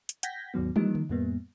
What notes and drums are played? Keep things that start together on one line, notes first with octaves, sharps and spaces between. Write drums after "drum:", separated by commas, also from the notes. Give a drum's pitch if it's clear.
drum: hi-hat
F#5 G5 G6 G#6 A#6 B6, drum: hi-hat
D#2 G#2 D#3 F#3 B3
E3 F3 G3 A#3 D#4, drum: tom
drum: tom D3
F2 A2 G3 A#3 B3